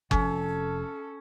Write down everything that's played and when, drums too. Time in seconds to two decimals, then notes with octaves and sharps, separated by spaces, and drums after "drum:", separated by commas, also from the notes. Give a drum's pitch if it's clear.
0.11 F1 F3 C#4 A4, drum: kick F#1